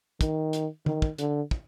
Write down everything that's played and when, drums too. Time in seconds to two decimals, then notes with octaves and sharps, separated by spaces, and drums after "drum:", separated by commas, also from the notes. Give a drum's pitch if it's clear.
0.21 D#3, drum: kick, hi-hat
0.53 drum: hi-hat
0.86 D#3, drum: tom
1.02 drum: kick
1.18 D3, drum: hi-hat
1.51 drum: kick